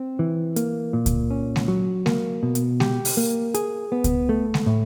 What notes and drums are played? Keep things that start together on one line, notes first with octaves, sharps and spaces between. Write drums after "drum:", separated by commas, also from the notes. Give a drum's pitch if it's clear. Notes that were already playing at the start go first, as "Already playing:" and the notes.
Already playing: C4
E3
A#3, drum: hi-hat
A#2
drum: kick C#2, hi-hat
C#4
drum: snare G#3
F#3
A#3, drum: snare G#3
B2
drum: hi-hat
G4, drum: snare G#3
drum: open hi-hat
A#3
G#4, drum: hi-hat
B3
drum: kick C#2, hi-hat
A3
drum: snare G#3
A2